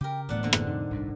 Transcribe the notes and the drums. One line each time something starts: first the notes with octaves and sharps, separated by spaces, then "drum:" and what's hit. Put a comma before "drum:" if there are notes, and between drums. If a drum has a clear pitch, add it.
C#3 G4 A#4 G5
D1 A2 E3 G3 B3 D4 D5 F#5
D3 A#3 C4
drum: rim click
F2 C3 D#4
G1 C2 G2